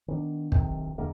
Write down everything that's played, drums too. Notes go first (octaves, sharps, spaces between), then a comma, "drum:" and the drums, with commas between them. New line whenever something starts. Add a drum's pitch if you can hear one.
D#3 B3 D4
D1 B1 C3 D#3, drum: kick
E2 D3 G#3 A#3